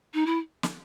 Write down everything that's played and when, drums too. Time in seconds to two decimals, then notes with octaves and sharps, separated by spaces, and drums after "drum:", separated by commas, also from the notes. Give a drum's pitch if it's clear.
0.14 D#4
0.26 E4
0.63 drum: snare